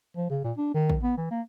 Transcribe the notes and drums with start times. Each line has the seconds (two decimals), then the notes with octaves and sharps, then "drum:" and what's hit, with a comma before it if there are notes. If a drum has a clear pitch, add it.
0.17 F3
0.30 C#3
0.44 A#2
0.57 D4
0.74 D#3
0.90 drum: kick
1.03 B3
1.17 E3
1.31 A#3